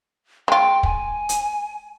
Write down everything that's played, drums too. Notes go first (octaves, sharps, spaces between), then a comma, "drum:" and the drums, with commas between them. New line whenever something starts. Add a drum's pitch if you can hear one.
G#3 F4 G5
G#5, drum: kick
drum: hi-hat